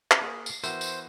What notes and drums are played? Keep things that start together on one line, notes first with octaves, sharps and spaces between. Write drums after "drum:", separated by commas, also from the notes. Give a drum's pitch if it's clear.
drum: clap
A#3 G#4 A#4
drum: tambourine
E3 B3 F#4 A#4 C5 E5 G5, drum: tambourine
drum: tambourine